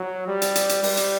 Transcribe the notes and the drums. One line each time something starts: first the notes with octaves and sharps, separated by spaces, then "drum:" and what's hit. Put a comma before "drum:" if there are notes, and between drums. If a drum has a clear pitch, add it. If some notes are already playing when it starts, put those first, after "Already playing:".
Already playing: F#3
G3
drum: hi-hat
drum: hi-hat
drum: hi-hat
G3, drum: open hi-hat
drum: hi-hat